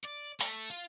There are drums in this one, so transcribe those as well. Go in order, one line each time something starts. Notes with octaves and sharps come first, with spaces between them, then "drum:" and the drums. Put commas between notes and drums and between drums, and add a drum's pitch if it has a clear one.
D5
A3, drum: open hi-hat
F4